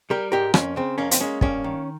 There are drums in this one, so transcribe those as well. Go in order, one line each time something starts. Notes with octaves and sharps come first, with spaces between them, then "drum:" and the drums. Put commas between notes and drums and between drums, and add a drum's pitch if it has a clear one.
G3 G4 A#4
G#2 G4 A#4
F2 A#3 C#4, drum: rim click
C#3 C4
F2 A#3 C#4
C4, drum: hi-hat
G#3 A#3 C#4
G2 A#3 C#4, drum: kick
D#3